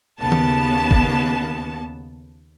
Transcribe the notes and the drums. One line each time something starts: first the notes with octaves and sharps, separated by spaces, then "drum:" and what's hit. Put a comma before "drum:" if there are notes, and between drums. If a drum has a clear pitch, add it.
D#2 C#3 B3 A5
drum: tom D#3
drum: kick